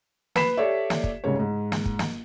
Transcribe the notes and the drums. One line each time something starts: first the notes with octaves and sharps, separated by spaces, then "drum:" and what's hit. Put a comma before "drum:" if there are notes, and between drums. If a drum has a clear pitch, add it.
B4 B5 B6 C7 E7, drum: snare
G4 A4 C#5 D5 E5
drum: snare
drum: kick
C2 G#2 C#3 C#5
G#2
drum: snare
drum: kick
drum: snare